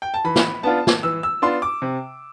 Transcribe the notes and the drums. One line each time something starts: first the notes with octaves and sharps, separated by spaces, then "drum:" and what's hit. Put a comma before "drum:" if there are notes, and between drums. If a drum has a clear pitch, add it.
G5
A5
E3 B5
drum: snare
B3 D4 F4 A5
drum: snare
E3 E6
E6
B3 D4 F4 C6
D6
C3